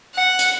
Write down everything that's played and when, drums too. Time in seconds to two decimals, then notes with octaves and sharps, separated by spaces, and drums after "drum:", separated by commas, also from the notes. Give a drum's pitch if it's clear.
0.15 F#5
0.39 drum: hi-hat